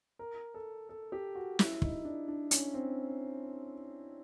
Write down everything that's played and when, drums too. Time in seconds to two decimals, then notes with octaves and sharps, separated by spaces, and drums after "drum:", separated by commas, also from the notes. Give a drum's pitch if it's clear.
0.19 A#4
0.54 A4
0.89 A4
1.12 G4
1.35 F#4
1.59 E4, drum: snare
1.82 D#4, drum: kick
2.05 D4
2.28 D4
2.51 C#4, drum: hi-hat
2.74 C4